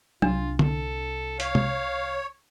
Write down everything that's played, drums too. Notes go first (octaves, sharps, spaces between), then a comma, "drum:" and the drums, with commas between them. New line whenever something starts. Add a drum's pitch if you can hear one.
C2 D4 F4, drum: tom F#3
A4, drum: tom
C#5 F5, drum: hi-hat
drum: tom